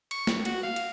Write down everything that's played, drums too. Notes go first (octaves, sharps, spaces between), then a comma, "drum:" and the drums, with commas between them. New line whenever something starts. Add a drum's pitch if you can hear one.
C#6, drum: cymbal
drum: snare
F#4, drum: cymbal
F5
drum: cymbal